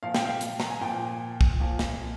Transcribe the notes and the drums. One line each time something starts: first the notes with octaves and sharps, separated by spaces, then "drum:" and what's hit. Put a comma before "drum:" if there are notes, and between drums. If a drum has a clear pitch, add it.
A#2 F3 F5
G5, drum: snare
F5
drum: hi-hat
A#5, drum: snare
G#5
A#2 F3 G5
drum: kick
A#2 F3
drum: snare